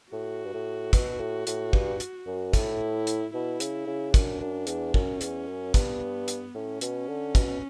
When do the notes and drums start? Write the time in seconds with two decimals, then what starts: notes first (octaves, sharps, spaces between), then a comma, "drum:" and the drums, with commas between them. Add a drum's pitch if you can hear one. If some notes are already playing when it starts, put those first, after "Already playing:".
0.12 A2 F#4
0.46 G2
0.53 A2
0.93 B2, drum: kick, hi-hat
1.20 A2
1.47 A2, drum: hi-hat
1.73 G2, drum: kick
2.00 drum: hi-hat
2.27 F#2
2.53 A2 E4, drum: kick, hi-hat
3.07 drum: hi-hat
3.34 B2 E4
3.60 C#3, drum: hi-hat
3.87 C#3
4.14 F#2 D4, drum: kick, hi-hat
4.40 F#2
4.67 E2, drum: hi-hat
4.94 F#2 C#4, drum: kick
5.21 E2, drum: hi-hat
5.48 F#2
5.74 G2 B3, drum: kick, hi-hat
6.28 drum: hi-hat
6.55 A2 C#4
6.81 B2, drum: hi-hat
7.08 D3
7.35 B2, drum: kick, hi-hat